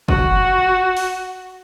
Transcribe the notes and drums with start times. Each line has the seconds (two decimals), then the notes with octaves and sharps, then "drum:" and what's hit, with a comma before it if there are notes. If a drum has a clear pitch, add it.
0.08 F#4, drum: kick
0.97 drum: open hi-hat